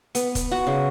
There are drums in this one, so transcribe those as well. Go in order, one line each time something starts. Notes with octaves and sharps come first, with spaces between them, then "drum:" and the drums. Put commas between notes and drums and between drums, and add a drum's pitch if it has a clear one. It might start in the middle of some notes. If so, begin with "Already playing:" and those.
B3, drum: hi-hat
drum: kick, hi-hat
F#4
C#3